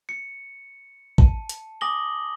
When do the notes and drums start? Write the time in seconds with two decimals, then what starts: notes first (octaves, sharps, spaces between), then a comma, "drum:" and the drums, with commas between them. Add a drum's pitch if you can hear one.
0.09 C#7
1.18 A5, drum: kick
1.49 drum: hi-hat
1.81 G#5 D6 D#6 A#6 F#7 G7